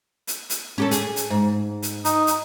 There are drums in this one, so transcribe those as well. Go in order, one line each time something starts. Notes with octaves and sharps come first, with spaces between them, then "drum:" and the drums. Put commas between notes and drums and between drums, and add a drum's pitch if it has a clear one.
drum: hi-hat
drum: hi-hat
C#4 G4 A4
G#4, drum: hi-hat
drum: hi-hat
G#2
drum: hi-hat
D#4, drum: hi-hat
drum: hi-hat